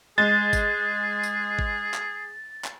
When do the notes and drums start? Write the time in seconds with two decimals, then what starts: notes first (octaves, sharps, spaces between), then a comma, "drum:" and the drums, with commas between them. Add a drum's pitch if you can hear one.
0.18 G#3 G#4 A6
0.53 drum: kick G#1, tambourine
1.23 drum: tambourine
1.59 drum: kick G#1
1.94 drum: clap
2.64 drum: clap